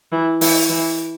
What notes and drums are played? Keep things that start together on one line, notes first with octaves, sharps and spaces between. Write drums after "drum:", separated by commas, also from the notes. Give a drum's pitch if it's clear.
E3
E3, drum: open hi-hat
E3